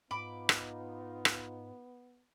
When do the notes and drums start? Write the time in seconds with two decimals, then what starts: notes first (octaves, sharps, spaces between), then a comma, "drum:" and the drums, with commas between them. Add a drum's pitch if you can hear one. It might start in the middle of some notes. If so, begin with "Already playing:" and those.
0.11 G#2 B3 D#4 F4 B5 D6
0.49 drum: rim click
1.25 drum: rim click